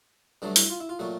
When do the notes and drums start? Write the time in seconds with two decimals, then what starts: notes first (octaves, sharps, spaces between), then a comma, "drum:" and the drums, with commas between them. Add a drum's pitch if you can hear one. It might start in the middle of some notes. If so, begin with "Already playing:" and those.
0.42 G2 D3 F#3 A3 D4
0.56 E4, drum: open hi-hat
0.70 F4
0.80 E4
0.89 F4
0.99 A#2 F#3 A3 F#4